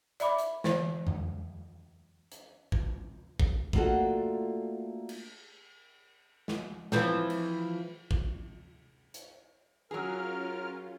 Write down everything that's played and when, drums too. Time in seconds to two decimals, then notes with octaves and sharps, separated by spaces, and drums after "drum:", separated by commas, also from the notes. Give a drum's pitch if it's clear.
0.20 D5 E5 B5 D6, drum: hi-hat
0.38 drum: hi-hat
0.64 D3 E3 C5, drum: snare
1.07 drum: tom F2
2.32 drum: hi-hat
2.72 drum: kick
3.40 drum: kick
3.73 A3 A#3 D4 F4 F#4 A4, drum: kick
5.09 drum: cymbal
6.48 drum: snare
6.92 E3 F3 C4, drum: snare
7.30 drum: cymbal
8.11 drum: kick
9.14 drum: hi-hat
9.91 F#3 C#4 F4 G#4 A#4 F6